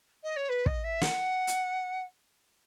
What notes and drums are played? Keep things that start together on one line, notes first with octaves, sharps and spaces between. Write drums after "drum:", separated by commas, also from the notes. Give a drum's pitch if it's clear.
D#5
C#5
B4
D#5, drum: kick
E5
F#5, drum: snare
drum: hi-hat